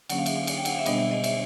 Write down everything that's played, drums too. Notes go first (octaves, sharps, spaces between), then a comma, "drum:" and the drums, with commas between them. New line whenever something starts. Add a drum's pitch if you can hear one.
D3 F#3 A#3 C#4 F#5, drum: cymbal
F5
E5, drum: cymbal
F5
drum: cymbal
G5
F#5, drum: cymbal
F5
E5
B2 G3 B3 D4 D#5, drum: cymbal
E5
D#5
E5, drum: cymbal